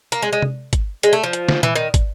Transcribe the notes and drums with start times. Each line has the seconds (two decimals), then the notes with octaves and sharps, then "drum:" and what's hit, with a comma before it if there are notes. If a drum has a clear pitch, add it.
0.12 A#3, drum: hi-hat
0.22 G#3
0.33 G#3
0.42 drum: tom C3
0.73 drum: kick, hi-hat
1.03 G#3, drum: hi-hat
1.13 A3
1.23 F3
1.33 drum: hi-hat
1.49 drum: snare
1.63 E3, drum: tom A#2
1.75 D#3
1.94 drum: kick, hi-hat